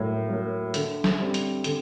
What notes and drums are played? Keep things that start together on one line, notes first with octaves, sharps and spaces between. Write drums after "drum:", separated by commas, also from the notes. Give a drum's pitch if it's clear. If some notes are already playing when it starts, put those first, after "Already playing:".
Already playing: A2 F#3 A#3
F#3 A#3
D3, drum: hi-hat
drum: snare
G3 C4
drum: hi-hat
D3, drum: hi-hat